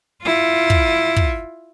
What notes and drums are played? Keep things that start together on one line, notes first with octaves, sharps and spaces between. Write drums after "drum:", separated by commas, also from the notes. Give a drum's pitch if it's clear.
E4 F4
drum: kick
drum: kick